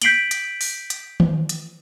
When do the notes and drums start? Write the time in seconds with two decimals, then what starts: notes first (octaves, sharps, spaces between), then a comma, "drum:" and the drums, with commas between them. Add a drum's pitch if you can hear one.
0.02 G6 B6 C7 D7 F#7 G7, drum: hi-hat
0.31 drum: hi-hat
0.61 drum: open hi-hat
0.90 drum: hi-hat
1.20 drum: tom D#3
1.49 drum: hi-hat